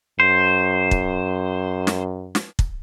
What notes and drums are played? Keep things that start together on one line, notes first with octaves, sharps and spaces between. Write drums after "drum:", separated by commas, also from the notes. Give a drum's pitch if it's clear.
F#2 C5
drum: kick
drum: snare
drum: snare
drum: kick